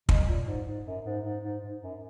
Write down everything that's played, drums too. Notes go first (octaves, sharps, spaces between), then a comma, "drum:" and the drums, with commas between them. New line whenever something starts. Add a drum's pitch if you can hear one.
B2, drum: kick
A#2
G#2
G#2
F#2
G#2
G#2
G#2
G#2
F#2